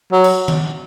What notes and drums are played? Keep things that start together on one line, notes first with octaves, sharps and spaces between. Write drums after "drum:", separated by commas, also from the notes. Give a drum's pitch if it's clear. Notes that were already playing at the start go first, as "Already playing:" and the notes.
F#3
drum: cymbal
drum: tom D#3